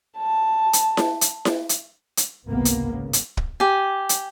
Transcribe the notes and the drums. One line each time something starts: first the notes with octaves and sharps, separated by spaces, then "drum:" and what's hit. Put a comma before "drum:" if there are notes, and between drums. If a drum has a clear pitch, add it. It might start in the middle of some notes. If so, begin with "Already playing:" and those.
A5
drum: hi-hat
drum: snare E4
drum: hi-hat
drum: snare E4
drum: hi-hat
drum: hi-hat
G#1 C#2 C3 A#3 B3
drum: hi-hat
C#3
drum: hi-hat
drum: kick
G4 G#5
drum: hi-hat